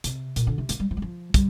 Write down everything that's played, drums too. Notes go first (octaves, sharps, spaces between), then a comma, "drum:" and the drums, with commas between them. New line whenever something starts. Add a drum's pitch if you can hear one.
C3, drum: hi-hat
A#2, drum: hi-hat
D3
C3
A#3, drum: hi-hat
G3
F3
G3
F3
G3, drum: kick, hi-hat